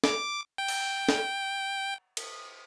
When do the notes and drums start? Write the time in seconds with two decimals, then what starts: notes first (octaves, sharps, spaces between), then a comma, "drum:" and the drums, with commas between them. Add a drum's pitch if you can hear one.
0.04 D6, drum: snare
0.58 G5
0.68 drum: cymbal
1.09 drum: snare
2.17 drum: cymbal